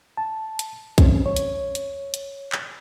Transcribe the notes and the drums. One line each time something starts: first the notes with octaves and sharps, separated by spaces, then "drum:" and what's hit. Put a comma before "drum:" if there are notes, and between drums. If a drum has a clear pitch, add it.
A5
drum: hi-hat
E3 G3 C4 C#4, drum: kick B1, hi-hat
C#5
drum: hi-hat
drum: hi-hat
drum: hi-hat
drum: clap